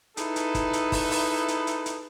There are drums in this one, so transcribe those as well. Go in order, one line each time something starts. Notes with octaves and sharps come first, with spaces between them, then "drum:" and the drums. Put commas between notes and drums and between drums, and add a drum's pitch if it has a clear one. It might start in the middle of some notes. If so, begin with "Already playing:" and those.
D#4 E4 G#4 A4 B4, drum: hi-hat
drum: hi-hat
drum: kick, hi-hat
drum: hi-hat
drum: kick, open hi-hat
drum: open hi-hat
drum: hi-hat
drum: hi-hat
drum: hi-hat